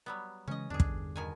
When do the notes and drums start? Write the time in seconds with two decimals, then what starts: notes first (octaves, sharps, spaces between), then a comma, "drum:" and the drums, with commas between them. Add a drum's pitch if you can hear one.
0.06 F#3 G3 B3
0.48 C#3 E3 G#3 C#4 D#5
0.70 E2 G2 D3 D4 G#4
0.80 drum: kick
1.16 B2 D#3 G#5